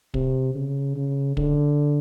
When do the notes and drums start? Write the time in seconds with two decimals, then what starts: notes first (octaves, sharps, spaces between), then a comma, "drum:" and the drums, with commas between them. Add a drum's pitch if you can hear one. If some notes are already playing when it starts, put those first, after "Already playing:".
0.14 C3, drum: kick
0.55 C#3
0.96 C#3
1.37 D3, drum: kick